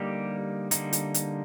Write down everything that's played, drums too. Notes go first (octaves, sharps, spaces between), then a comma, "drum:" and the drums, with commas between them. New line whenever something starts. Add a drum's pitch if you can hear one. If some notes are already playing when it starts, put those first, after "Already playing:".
Already playing: D3 G3 A#3 D#4 G4
D3 G3 A#3 D#4, drum: hi-hat
drum: hi-hat
drum: hi-hat